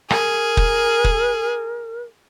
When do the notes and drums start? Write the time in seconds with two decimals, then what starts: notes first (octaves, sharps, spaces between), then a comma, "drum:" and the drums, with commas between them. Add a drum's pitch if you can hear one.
0.10 G#4 A#4, drum: rim click
0.57 drum: kick
1.04 drum: kick